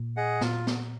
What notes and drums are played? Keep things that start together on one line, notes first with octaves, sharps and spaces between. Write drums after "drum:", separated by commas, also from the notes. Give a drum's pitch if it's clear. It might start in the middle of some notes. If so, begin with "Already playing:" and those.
Already playing: A#2
G#4 D#5 F#5
A#2 F4, drum: snare
drum: snare